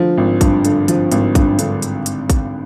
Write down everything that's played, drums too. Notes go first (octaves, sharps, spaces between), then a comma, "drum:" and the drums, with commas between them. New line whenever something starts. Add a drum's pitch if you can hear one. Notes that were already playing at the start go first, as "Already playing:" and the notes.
Already playing: D3 F3
G#1
G2, drum: kick, hi-hat
D3, drum: hi-hat
F3, drum: hi-hat
G#1, drum: hi-hat
G2, drum: kick, hi-hat
D3, drum: hi-hat
drum: hi-hat
drum: hi-hat
drum: kick, hi-hat